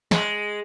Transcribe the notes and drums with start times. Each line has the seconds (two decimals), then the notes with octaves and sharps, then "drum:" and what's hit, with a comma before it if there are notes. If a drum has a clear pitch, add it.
0.11 G#3, drum: snare